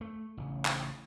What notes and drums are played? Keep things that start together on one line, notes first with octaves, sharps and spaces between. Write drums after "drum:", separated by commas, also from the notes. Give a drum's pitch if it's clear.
A3
A1 C#3
drum: clap